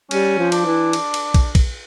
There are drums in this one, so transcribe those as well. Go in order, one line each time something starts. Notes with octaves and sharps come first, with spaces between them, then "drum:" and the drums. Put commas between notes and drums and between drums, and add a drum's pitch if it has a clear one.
G3 C#4, drum: cymbal
F3
D4, drum: cymbal
E3
drum: cymbal
drum: cymbal
drum: kick, cymbal
drum: kick, cymbal